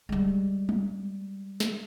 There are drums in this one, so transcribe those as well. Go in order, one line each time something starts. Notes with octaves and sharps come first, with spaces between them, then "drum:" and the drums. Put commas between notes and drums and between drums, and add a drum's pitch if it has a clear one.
G3 G#3
drum: tom G3
drum: snare